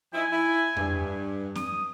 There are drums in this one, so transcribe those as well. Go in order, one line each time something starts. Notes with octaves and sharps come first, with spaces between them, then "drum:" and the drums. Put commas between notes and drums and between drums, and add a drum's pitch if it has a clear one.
F3 D#4 E4 G#5
E4
G2, drum: tom F2
D#6, drum: snare C4